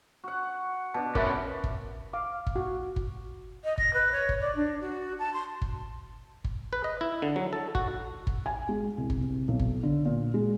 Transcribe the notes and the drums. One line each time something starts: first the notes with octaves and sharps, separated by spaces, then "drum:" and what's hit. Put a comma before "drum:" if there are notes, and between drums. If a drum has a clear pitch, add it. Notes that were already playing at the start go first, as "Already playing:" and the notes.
F#4 F#5
B2 D4 A5
C#4 F#4 A#4 B4 D5 E5, drum: kick G1
drum: kick G1
F5 D6
drum: kick G1
F#4
drum: kick G1
D#5
A#6, drum: kick G1
B4
C#5
drum: kick G1
D5
D4
F#4
A5
C6
drum: kick G1
drum: kick G1
B4
D#5
E4
D3
F#3
A4
F#4, drum: kick G1
drum: kick G1
G#5
G#3
C2
drum: kick G1
C3
B1
drum: kick G1
D3
A#2
G#3